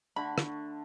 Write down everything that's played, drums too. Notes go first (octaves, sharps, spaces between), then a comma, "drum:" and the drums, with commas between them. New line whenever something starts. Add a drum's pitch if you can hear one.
D3 A3 B5
drum: rim click